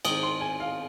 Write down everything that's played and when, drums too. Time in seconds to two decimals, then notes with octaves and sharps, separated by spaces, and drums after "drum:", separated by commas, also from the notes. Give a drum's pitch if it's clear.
0.05 G#2 D#3 C4 D#6, drum: cymbal
0.23 C6
0.41 G#5
0.60 F5